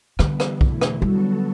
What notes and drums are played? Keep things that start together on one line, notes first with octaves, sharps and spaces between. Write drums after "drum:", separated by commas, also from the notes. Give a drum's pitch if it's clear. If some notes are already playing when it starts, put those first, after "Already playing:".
D3 E3 G3 B3, drum: rim click
drum: rim click
E2 B2 A3 E4, drum: kick B1
drum: rim click
D3 F#3 G3 B3 F#4 A4